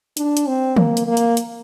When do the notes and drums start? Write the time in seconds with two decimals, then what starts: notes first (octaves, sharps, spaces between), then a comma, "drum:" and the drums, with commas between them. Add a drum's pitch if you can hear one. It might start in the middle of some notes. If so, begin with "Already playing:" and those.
0.17 D4, drum: hi-hat
0.37 drum: hi-hat
0.47 C4
0.77 A#3, drum: tom
0.97 drum: hi-hat
1.07 A#3
1.17 drum: hi-hat
1.37 drum: hi-hat